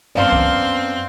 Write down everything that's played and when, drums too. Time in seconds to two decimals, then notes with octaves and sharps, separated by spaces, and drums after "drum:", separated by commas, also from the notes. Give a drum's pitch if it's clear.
0.15 F#2 B3 C4 D5 F5 A5 C6
0.32 drum: kick C#2